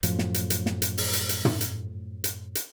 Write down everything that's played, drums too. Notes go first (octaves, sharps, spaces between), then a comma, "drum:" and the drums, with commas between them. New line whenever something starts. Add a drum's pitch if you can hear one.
F#2 A2 F3, drum: hi-hat
drum: snare
drum: hi-hat
drum: hi-hat
drum: snare
drum: hi-hat
drum: open hi-hat
drum: hi-hat
drum: hi-hat
drum: tom
drum: hi-hat
drum: hi-hat
drum: hi-hat